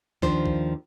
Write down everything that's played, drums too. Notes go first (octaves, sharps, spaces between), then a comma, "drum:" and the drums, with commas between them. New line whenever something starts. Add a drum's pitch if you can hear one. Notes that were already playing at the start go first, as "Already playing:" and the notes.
D#2 D#3 F3 D4 C5, drum: kick
drum: kick